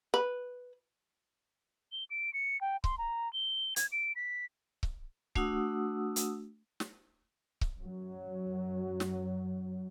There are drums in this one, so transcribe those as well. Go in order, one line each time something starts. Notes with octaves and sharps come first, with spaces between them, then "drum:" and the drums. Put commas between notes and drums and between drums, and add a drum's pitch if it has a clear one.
B4
G7
D7
C#7
G5
C6, drum: kick C#1
A#5
G7
G#6, drum: hi-hat
D7
B6
drum: kick C#1
A3 D4 F#4 F#5 D#6 E6, drum: kick C#1
drum: hi-hat
drum: snare
drum: kick C#1
F#2 F#3
drum: snare